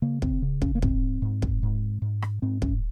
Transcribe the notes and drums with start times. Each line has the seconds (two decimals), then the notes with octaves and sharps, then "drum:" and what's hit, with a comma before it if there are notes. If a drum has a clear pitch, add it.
0.02 C#3 A#3
0.22 C4, drum: kick
0.42 C#3
0.62 C#4, drum: kick
0.75 A#3
0.82 G#2 C4, drum: kick
1.22 G#2
1.42 drum: kick
1.63 G#2
2.02 G#2
2.22 drum: rim click
2.42 G#2 C4
2.62 C#4, drum: kick